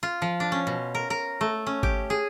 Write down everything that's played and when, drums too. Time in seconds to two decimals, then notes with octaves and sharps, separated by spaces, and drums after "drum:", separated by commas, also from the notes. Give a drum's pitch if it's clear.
0.03 F4
0.22 F3
0.40 D4
0.52 C#4
0.67 B2
0.95 A#4
1.10 A#4
1.41 A3
1.67 C#4
1.83 G4, drum: kick G#1
2.10 G#4